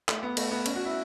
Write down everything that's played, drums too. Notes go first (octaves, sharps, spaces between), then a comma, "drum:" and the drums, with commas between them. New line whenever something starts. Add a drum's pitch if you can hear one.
A3, drum: clap
B3
A3, drum: cymbal
B3
C#4, drum: cymbal
F#4
E4